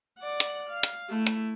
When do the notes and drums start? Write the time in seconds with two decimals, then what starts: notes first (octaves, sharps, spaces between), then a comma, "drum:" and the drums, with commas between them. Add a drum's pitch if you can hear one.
0.19 D5 F#5
0.40 drum: hi-hat
0.69 F5
0.83 drum: hi-hat
1.08 A3 E4
1.27 drum: hi-hat